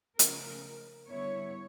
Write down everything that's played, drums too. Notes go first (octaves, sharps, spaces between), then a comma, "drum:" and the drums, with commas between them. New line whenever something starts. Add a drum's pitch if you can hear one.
C#3 F3 A3 A#4, drum: hi-hat
D3 G3 B3 E4 C#5